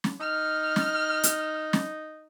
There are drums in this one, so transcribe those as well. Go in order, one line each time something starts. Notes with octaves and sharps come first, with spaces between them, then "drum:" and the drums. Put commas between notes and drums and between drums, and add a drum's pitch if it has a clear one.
drum: snare
D#4 F6
drum: snare
drum: hi-hat
drum: snare